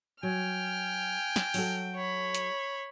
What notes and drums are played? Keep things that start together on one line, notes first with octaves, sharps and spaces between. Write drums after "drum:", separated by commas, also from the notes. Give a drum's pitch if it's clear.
F#3 G5 G#5 F6
drum: snare
F#3 F#4 A4, drum: open hi-hat
C#5 B5
drum: hi-hat